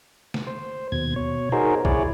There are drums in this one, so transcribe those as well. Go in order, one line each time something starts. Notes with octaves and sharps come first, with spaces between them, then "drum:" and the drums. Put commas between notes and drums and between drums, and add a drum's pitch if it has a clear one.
drum: snare
C5
D#2 B2 G#6
B2 C#5
D#4 F#4 G#4 A#4 C5
E4 G#4 C#5 D5, drum: kick